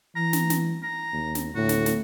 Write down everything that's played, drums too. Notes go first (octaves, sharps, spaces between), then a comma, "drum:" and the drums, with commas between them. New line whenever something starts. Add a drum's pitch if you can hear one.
E3 A#5
drum: snare
drum: snare
A#5
D#2
drum: snare
D2 A2 F#4
drum: snare
drum: snare